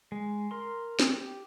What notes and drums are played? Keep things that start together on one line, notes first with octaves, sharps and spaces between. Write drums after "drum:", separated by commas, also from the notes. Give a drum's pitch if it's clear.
G#3
A#4 C6
drum: snare
G4